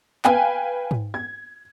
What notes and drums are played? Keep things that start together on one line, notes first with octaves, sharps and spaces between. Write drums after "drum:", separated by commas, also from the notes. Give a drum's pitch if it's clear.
B4 F5 G5 G#5, drum: clap
drum: tom G#2
G#6